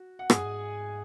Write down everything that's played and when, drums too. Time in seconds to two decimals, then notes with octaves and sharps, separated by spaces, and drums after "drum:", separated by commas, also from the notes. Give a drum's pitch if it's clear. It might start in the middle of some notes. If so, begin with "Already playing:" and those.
Already playing: F#4
0.19 F#5
0.30 G#2 G#4 G#5, drum: rim click
0.38 F#2
0.44 G#2